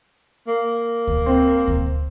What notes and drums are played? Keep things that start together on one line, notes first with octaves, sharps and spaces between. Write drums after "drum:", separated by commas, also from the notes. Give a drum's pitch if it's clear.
A#3
drum: kick D2
C4
drum: kick D2